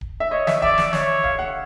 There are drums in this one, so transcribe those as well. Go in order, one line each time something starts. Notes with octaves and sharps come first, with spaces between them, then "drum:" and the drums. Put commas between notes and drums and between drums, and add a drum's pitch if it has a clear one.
drum: kick D1
E5
C#5 D#5
E5, drum: snare
D5 E5, drum: kick D1
drum: snare
C#5, drum: snare
F5, drum: kick D1
F#5